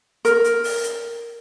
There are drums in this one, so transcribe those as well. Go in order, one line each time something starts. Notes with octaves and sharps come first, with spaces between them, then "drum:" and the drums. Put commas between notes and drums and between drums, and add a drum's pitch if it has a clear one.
A#4, drum: hi-hat
drum: hi-hat
drum: open hi-hat
drum: hi-hat